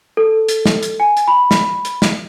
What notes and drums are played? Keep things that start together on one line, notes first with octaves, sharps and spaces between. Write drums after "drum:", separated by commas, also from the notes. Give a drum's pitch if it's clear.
A4
drum: hi-hat
drum: snare
drum: hi-hat
G#5
drum: hi-hat
B5
drum: snare
drum: hi-hat
drum: snare